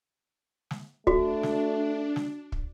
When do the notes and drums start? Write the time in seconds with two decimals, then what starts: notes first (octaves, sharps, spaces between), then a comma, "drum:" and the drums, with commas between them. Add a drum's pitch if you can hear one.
0.71 drum: snare
1.07 A3 D4 F#4, drum: kick
1.43 drum: snare
2.16 drum: snare
2.52 drum: kick